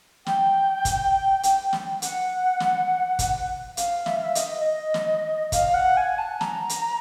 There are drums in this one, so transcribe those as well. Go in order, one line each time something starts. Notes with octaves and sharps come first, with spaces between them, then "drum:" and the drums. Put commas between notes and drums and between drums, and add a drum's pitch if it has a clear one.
G5, drum: snare
drum: kick, hi-hat
drum: hi-hat
drum: snare
F#5, drum: hi-hat
drum: snare
drum: kick, hi-hat
F5, drum: hi-hat
E5, drum: snare
F5
E5
D#5, drum: hi-hat
D#5
drum: snare
F5, drum: kick, hi-hat
F#5
G#5
A5
A#5, drum: snare
drum: hi-hat